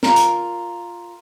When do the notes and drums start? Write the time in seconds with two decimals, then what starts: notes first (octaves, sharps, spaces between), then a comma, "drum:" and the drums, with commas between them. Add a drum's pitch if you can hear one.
0.03 F4 A#4, drum: snare
0.16 drum: hi-hat